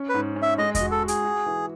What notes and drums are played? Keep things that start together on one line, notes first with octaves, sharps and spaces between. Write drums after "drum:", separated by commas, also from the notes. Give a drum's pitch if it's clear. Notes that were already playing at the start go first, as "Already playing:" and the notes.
Already playing: C#4
B4
G#2
C#4
E5
G#3 D#5
D#5, drum: kick E2, hi-hat
F#4
A4
F#4
G#4, drum: hi-hat
F#4
E3